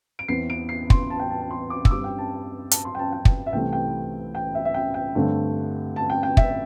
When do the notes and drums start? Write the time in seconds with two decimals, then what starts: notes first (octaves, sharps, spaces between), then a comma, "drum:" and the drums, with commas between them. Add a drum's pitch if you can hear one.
0.19 D7
0.28 E2 E3 C4 C7
0.50 D7
0.69 C7
0.90 C6, drum: kick
1.10 A5
1.19 G5
1.30 A5
1.41 A5
1.51 C6
1.70 D6
1.85 E6, drum: kick
1.90 G2 G3 C4 D6
2.04 G5
2.18 A5
2.71 A5, drum: hi-hat
2.85 C6
2.95 G5
2.99 A5
3.13 G5
3.25 drum: kick
3.46 E5
3.53 C2 C3 E3 A3 C4 G5
3.73 G5
4.35 G5
4.55 E5
4.65 E5
4.74 G5
4.94 G5
5.15 G2 D3 A3 C4
5.96 A5
6.10 G5
6.23 G5
6.37 E5, drum: kick